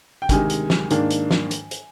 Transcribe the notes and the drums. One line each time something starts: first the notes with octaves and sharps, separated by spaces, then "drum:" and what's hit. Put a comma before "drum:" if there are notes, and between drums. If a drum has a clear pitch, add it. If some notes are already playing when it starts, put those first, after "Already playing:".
G5
D2 C3 D#3 G#3 G#5, drum: kick, hi-hat
drum: hi-hat
drum: snare
G#2 D#3 A#3 D4, drum: hi-hat
drum: hi-hat
drum: snare
drum: hi-hat
drum: hi-hat